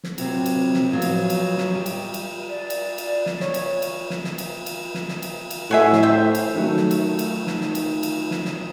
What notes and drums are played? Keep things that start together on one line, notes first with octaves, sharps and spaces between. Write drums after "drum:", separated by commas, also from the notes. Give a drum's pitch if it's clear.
drum: snare
C3 F#3 C4, drum: cymbal
drum: cymbal
drum: snare
F3 F#3 B3 F4
drum: cymbal
drum: cymbal
drum: snare
G3
drum: cymbal
drum: cymbal
D5
drum: cymbal
drum: cymbal
drum: snare
C#5, drum: snare
drum: cymbal
drum: cymbal
drum: snare
drum: snare
drum: cymbal
drum: cymbal
drum: snare
drum: snare
drum: cymbal
drum: cymbal
A2 F#4 G#4 E5
drum: snare
C5 E5 G5
drum: cymbal
D#3 F#3 A3
drum: snare
drum: cymbal
drum: cymbal
drum: snare
drum: snare
drum: cymbal
drum: cymbal
drum: snare
drum: snare